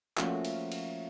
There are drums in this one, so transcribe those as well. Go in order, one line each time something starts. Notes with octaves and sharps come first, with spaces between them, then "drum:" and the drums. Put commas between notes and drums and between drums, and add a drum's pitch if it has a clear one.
F3 A3 A#3 C#4 F4 F#4, drum: clap
drum: cymbal
drum: cymbal